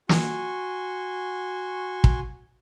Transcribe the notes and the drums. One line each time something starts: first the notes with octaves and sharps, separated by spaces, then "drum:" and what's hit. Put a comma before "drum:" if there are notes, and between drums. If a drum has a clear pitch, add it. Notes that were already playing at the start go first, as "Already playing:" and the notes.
F#4 G#5 C6 C#6, drum: snare
drum: kick